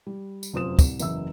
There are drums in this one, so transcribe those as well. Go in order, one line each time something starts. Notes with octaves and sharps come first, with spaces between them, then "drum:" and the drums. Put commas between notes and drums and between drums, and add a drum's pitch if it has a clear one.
G3
drum: tambourine
F1 F#2 F4 C5 D#6 E7
C2, drum: kick, tambourine
F#1 E2 E5 E6, drum: tambourine